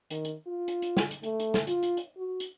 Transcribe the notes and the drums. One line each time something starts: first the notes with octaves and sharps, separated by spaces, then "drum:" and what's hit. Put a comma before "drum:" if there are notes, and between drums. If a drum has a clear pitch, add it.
D#3, drum: hi-hat
drum: hi-hat
F4
drum: hi-hat
drum: hi-hat
drum: snare
drum: hi-hat
A3, drum: hi-hat
drum: hi-hat
drum: snare
F4, drum: hi-hat
drum: hi-hat
drum: hi-hat
F#4
drum: hi-hat